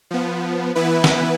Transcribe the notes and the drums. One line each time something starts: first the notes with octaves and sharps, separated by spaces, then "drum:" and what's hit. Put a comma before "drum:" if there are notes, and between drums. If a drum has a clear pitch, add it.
F3 B3
E3 B3 E4 B4
drum: snare